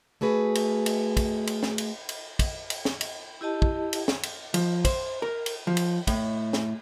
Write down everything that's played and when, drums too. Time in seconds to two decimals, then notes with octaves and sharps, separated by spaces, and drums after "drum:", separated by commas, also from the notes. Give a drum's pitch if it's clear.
0.21 A3 F#4 G#4 B4
0.55 drum: cymbal
0.86 drum: cymbal
1.17 drum: kick, cymbal
1.47 drum: cymbal
1.63 drum: snare
1.78 drum: cymbal
2.09 drum: cymbal
2.39 drum: kick, cymbal
2.70 drum: cymbal
2.85 drum: snare
3.01 drum: cymbal
3.41 E4 G4 D#5 A5
3.62 drum: kick
3.93 drum: cymbal
4.08 drum: snare
4.23 drum: cymbal
4.54 F3, drum: cymbal
4.85 C5, drum: kick, cymbal
5.22 A#4
5.46 drum: cymbal
5.67 F3
5.77 drum: cymbal
6.07 A2, drum: kick, cymbal
6.53 drum: snare